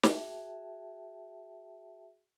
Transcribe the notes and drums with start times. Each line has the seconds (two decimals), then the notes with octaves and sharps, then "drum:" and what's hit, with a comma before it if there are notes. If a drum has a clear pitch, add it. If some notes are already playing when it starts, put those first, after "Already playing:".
0.03 F#4 G#4 E5 G5 A5, drum: snare